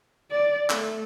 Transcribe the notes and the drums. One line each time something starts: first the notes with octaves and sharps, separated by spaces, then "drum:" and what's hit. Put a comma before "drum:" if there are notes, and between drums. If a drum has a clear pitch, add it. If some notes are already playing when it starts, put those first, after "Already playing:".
D5
A3, drum: clap